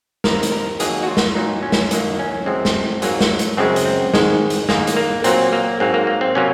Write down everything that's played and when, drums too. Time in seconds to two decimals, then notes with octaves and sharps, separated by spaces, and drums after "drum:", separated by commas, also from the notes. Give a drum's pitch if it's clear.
0.24 C3 D#3 A#3 A#4, drum: snare
0.43 drum: hi-hat
0.52 A#4
0.80 F2 D#3 F#3 A#3 G#4, drum: hi-hat
1.03 F#4
1.07 F4
1.17 drum: snare
1.35 A#2 F#3 A#3 D#4
1.63 C#4
1.72 drum: snare
1.91 F#2 D#3 F#3 A#3, drum: hi-hat
2.19 C#4
2.46 F#2 F3 G#3 C4
2.65 drum: snare
3.02 G#2 F#3 A#3, drum: hi-hat
3.21 drum: snare
3.39 drum: hi-hat
3.57 F#2 C#3 G#3 C4
3.76 drum: hi-hat
3.85 C4
4.14 G#2 D#3 G#3, drum: snare
4.50 drum: hi-hat
4.69 G#2 D#3 A#3, drum: snare
4.87 drum: hi-hat
4.96 A#3
5.24 A#2 F#3 A#3 C4, drum: hi-hat
5.53 A#3
5.80 G#2 F#3 A#3 C4
5.94 A#3
6.07 A#3
6.21 C4
6.35 C3 F#3 A#3 C#4